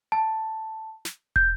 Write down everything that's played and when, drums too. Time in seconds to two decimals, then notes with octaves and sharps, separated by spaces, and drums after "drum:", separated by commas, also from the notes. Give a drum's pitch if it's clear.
0.12 A5
1.05 drum: snare
1.36 G6, drum: kick